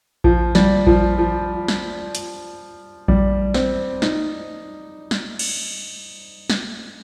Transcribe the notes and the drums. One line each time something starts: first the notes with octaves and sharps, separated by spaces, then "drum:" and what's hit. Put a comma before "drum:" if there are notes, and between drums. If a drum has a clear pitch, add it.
F3, drum: kick A#1
G3, drum: snare
F3, drum: kick A#1
F3
drum: snare
drum: hi-hat
G3, drum: kick A#1
C4, drum: snare
D#4, drum: snare
drum: snare
drum: cymbal
drum: snare